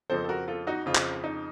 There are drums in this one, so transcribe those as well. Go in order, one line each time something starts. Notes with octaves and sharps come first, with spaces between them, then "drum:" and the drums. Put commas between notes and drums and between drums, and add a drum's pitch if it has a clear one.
F2 C#3 F3 C4 A4 C5
A4
F#4 A#4
F4 A4
D#4 F#4
F2 C#3 F3 C4 F4
drum: clap
D#4